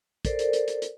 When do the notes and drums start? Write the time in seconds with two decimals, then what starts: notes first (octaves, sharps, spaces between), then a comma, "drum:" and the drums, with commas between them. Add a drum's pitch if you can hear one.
0.25 A4 A#4 C5 D5, drum: kick, hi-hat
0.39 drum: hi-hat
0.53 drum: hi-hat
0.68 drum: hi-hat
0.82 drum: hi-hat